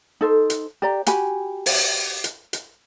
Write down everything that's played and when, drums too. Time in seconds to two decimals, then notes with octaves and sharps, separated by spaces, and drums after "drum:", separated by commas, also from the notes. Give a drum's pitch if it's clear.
0.21 D#4 A4 C5
0.50 drum: hi-hat
0.82 G4 D5 A#5
1.06 F#4 G4 G#5 B5, drum: hi-hat
1.66 drum: open hi-hat
2.24 drum: hi-hat
2.53 drum: hi-hat